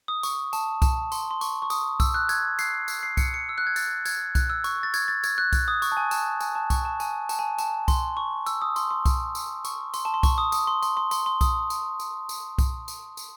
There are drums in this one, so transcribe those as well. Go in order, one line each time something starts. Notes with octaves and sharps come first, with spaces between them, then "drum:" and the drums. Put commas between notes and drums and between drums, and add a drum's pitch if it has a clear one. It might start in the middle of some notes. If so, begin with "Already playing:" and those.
D#6
C#6, drum: tambourine
A5, drum: tambourine
A5, drum: kick C2, tambourine
C6, drum: tambourine
C6
C#6, drum: tambourine
C#6
D#6, drum: tambourine
E6, drum: kick C2, tambourine
F#6
G#6, drum: tambourine
C7, drum: tambourine
drum: tambourine
C7
C#7, drum: kick C2, tambourine
C#7
E6
F#6
G#6
A6, drum: tambourine
G#6, drum: tambourine
F#6, drum: kick C2, tambourine
E6
C#6, drum: tambourine
A6
G#6, drum: tambourine
A6
G#6, drum: tambourine
F#6
drum: kick C2, tambourine
D#6
C#6, drum: tambourine
A5
G#5
A5, drum: tambourine
G#5, drum: tambourine
A5
C#6, drum: kick C2, tambourine
A5
G#5, drum: tambourine
A5, drum: tambourine
G#5
A5, drum: tambourine
C6, drum: kick C2, tambourine
C#6
E6, drum: tambourine
D#6
C6, drum: tambourine
C6
drum: kick C2, tambourine
drum: tambourine
C#6, drum: tambourine
C6, drum: tambourine
A5
C6
C#6, drum: kick C2, tambourine
D#6
D#6, drum: tambourine
C6
C6, drum: tambourine
C6
C6, drum: tambourine
C6
D#6, drum: kick C2, tambourine
drum: tambourine
drum: tambourine
drum: tambourine
drum: kick C2, tambourine
drum: tambourine
drum: tambourine